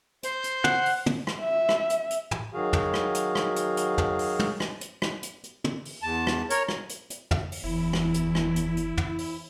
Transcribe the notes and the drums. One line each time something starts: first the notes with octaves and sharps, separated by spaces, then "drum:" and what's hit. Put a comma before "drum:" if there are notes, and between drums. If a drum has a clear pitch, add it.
C5, drum: hi-hat
drum: hi-hat
F#5, drum: tom
drum: open hi-hat
drum: tom
drum: rim click
E5
drum: rim click
drum: hi-hat
drum: hi-hat
drum: tom
D#3 F#3 F#4 G#4 F5
drum: tom
drum: rim click
drum: hi-hat
drum: rim click
drum: hi-hat
drum: hi-hat
drum: tom
drum: open hi-hat
drum: tom
drum: rim click
drum: hi-hat
drum: rim click
drum: hi-hat
drum: hi-hat
drum: tom
drum: open hi-hat
E2 A5
drum: rim click
A#4 C#5, drum: hi-hat
drum: rim click
drum: hi-hat
drum: hi-hat
drum: tom
drum: open hi-hat
F#1 E2 E4
drum: rim click
drum: hi-hat
drum: rim click
drum: hi-hat
drum: hi-hat
drum: tom
drum: open hi-hat